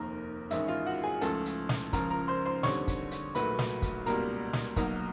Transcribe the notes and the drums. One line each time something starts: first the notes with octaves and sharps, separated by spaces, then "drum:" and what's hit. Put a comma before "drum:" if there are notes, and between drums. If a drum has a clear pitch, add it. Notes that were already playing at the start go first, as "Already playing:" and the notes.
Already playing: F1 D#2 D#3 A#3 A#4
A1 G#2 D#3 G#3 C#4 E4 E5, drum: hi-hat
F4 F5
F#4 F#5
G#4 G#5
C#2 C#3 F3 A3 A4 A5, drum: hi-hat
drum: hi-hat
drum: snare
C#2 C#3 F3 A#4 A#5, drum: kick, hi-hat
A#4 A#5
C5 C6
C5 C6
D#2 D3 G3 C4 C#5 C#6, drum: snare
drum: kick, hi-hat
drum: hi-hat
B1 A#2 F#3 A3 B4 B5, drum: hi-hat
drum: snare
drum: kick, hi-hat
C#2 B2 G3 A#3 A#4 A#5, drum: hi-hat
drum: snare
B1 B2 F#3 A#3 A#4 A#5, drum: kick, hi-hat